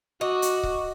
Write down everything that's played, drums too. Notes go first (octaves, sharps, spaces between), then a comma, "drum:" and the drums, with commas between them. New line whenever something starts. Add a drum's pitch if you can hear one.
F#4 D#5 C#6 D6
drum: hi-hat
drum: kick C#1